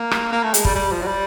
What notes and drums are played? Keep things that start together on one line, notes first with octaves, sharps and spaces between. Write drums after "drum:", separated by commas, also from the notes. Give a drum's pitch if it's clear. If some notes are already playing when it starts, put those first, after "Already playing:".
Already playing: A#3
drum: rim click
A#3
A3
G#3, drum: hi-hat
G3, drum: kick
G3
F3
F#3
G3